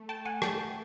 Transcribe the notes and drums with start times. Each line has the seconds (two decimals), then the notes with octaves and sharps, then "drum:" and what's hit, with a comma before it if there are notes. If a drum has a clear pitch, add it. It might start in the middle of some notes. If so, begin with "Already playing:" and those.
Already playing: A3
0.09 G5 A5
0.25 F#5 G#5
0.42 G5 A5, drum: rim click